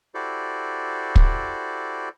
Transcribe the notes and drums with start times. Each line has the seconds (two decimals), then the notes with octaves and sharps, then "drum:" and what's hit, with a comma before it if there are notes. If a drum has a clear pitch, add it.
0.14 E4 F#4 G4 A4 C5 D5
1.16 drum: kick